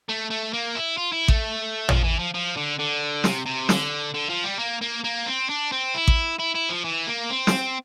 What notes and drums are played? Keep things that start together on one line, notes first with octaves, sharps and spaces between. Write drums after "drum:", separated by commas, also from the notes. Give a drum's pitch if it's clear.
A3
A3
A#3
E4
F4
E4
A3, drum: kick A1
F3, drum: tom
E3
F3
F3
D3
D3
C3, drum: snare
C3
D3, drum: snare
D3
F3
G3
A#3
A#3
A#3
C4
D4
C4
E4
drum: kick A1
E4
E4
F3
E3
A#3
C4
drum: snare